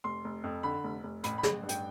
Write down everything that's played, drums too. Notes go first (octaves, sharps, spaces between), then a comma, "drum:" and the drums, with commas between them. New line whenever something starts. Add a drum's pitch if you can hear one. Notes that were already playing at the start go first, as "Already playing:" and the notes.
F1 C6
F1
F2
D3 B5
F1
F1
A1 B5, drum: hi-hat
B5
A1, drum: snare
G2
G5, drum: hi-hat